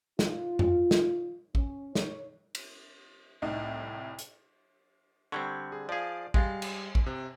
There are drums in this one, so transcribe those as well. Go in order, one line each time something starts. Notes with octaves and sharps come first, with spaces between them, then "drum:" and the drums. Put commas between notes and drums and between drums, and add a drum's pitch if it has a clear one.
F4, drum: snare
drum: tom F2
drum: snare
C#4, drum: kick A1
C#5, drum: snare
drum: cymbal
C2 A2 D#4
drum: hi-hat
D3 G3 C4 C#6 G#6
G#4
F3 G#4 D5 F5
G3 G#3 F5 A6, drum: kick A1
drum: cymbal
drum: kick A1
C3